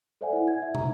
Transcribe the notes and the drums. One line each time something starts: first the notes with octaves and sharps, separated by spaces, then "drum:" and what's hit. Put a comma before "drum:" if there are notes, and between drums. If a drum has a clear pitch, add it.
A4 C5 D5 E5 F#5 G#5
E4 F#5
G#6
E5
A#5, drum: tom